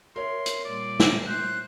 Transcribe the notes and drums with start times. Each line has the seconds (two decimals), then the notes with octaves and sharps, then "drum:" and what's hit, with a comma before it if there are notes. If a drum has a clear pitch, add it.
0.16 A#4 C#5 E5 C6
0.46 drum: hi-hat
0.65 A#2 G3 D5
1.00 drum: snare
1.26 C5 F#6